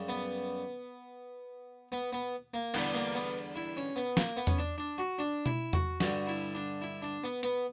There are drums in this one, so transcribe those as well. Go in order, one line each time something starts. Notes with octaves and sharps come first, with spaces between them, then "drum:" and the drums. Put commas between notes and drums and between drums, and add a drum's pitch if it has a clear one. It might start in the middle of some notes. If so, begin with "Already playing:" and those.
Already playing: F#2 C#3 G3
B3
B3
B3
A#3
E2 D3 G3 B3, drum: cymbal
A#3
B3
E4
C#4
B3
A#3, drum: snare
B3
C#4, drum: tom E2
D4
D4
F#4
D4
E4, drum: tom B2
F#4, drum: tom E2
G2 D3 G3 F#4, drum: snare
E4
D4
E4
D4
B3
B3, drum: hi-hat